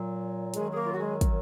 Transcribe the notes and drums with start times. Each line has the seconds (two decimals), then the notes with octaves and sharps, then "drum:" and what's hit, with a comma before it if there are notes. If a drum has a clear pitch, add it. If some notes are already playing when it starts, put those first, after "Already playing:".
Already playing: A#2 F#3
0.54 F#2 D#3 F#3 G#3 G#4, drum: hi-hat
0.71 G#4
0.76 A#3 A#4
0.85 F4
0.92 F#4
0.99 G#3 G#4
1.21 drum: kick, hi-hat